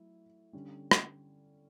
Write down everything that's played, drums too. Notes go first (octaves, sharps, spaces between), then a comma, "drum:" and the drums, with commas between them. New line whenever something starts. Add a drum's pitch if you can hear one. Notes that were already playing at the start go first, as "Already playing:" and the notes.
Already playing: F#3 A3 E4
D3 G3 C#4
drum: rim click